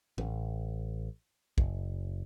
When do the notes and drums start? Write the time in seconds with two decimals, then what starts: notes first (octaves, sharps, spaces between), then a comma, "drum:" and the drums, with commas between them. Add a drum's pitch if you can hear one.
0.18 A1, drum: tom A2
1.58 F#1, drum: kick